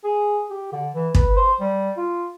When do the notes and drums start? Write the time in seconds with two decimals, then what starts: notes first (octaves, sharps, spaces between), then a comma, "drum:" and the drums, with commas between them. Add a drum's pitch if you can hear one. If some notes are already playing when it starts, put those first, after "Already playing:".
0.04 G#4
0.50 G4
0.72 D3
0.94 E3
1.15 B4, drum: kick
1.36 C5
1.60 G3
1.97 F4